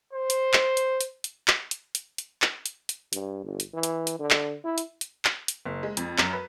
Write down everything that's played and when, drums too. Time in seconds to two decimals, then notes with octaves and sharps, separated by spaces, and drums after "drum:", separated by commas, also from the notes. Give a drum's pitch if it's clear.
0.13 C5
0.30 drum: hi-hat
0.53 drum: clap
0.77 drum: hi-hat
1.01 drum: hi-hat
1.24 drum: hi-hat
1.48 drum: clap
1.71 drum: hi-hat
1.95 drum: hi-hat
2.18 drum: hi-hat
2.42 drum: clap
2.66 drum: hi-hat
2.89 drum: hi-hat
3.13 G2, drum: hi-hat
3.44 G1
3.60 drum: hi-hat
3.74 E3
3.83 drum: hi-hat
4.07 drum: hi-hat
4.19 D3
4.31 drum: clap
4.64 E4
4.78 drum: hi-hat
5.01 drum: hi-hat
5.25 drum: clap
5.48 drum: hi-hat
5.66 F#1
5.83 G#3
5.97 F2, drum: hi-hat
6.18 F#2, drum: clap
6.33 B4